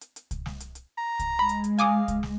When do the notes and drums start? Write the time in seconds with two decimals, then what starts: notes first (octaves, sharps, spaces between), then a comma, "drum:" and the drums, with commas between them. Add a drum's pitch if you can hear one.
0.01 drum: hi-hat
0.16 drum: hi-hat
0.31 drum: kick C2, hi-hat
0.46 drum: snare
0.60 drum: hi-hat
0.75 drum: hi-hat
0.98 A#5
1.19 drum: kick C2, hi-hat
1.39 G#3 B5
1.49 drum: hi-hat
1.64 drum: hi-hat
1.79 F5 G#5 D6 D#6, drum: hi-hat
2.08 drum: kick C2, hi-hat
2.23 drum: snare